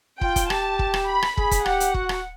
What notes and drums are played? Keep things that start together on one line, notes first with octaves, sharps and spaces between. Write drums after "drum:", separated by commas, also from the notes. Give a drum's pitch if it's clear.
F4 G5, drum: kick
drum: kick, hi-hat
G4 A5, drum: rim click
drum: kick
drum: rim click
B5
drum: rim click
G#4, drum: kick
drum: kick, hi-hat
G4 F#5, drum: rim click
drum: hi-hat
F#4, drum: kick
drum: rim click